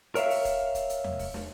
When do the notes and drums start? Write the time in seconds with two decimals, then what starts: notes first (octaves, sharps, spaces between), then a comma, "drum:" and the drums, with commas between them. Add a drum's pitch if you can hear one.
0.15 A#4 C#5 E5 F5, drum: hi-hat
0.30 drum: open hi-hat
0.45 drum: kick, hi-hat
0.75 drum: kick, hi-hat
0.90 drum: hi-hat
1.04 drum: tom E2
1.19 drum: kick, open hi-hat
1.34 drum: snare